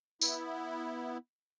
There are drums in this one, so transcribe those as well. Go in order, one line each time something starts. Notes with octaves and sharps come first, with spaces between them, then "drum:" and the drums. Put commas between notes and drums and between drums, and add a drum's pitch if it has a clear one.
B3 E4, drum: tambourine